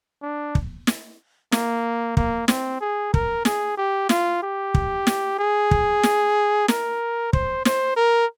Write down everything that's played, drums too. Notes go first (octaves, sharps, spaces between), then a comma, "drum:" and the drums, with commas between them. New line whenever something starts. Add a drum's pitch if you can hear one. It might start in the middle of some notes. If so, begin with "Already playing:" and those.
D4
drum: kick
drum: snare
A#3, drum: snare
A#3, drum: kick
C4, drum: snare
G#4
A#4, drum: kick
G#4, drum: snare
G4
F4, drum: snare
G4
drum: kick
drum: snare
G#4
drum: kick
drum: snare
A#4, drum: snare
C5, drum: kick
C5, drum: snare
A#4